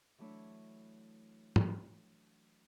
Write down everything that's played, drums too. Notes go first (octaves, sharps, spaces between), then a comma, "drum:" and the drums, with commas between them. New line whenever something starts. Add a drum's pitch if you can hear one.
E3 F#3 A3 D4 E4 C#5
drum: tom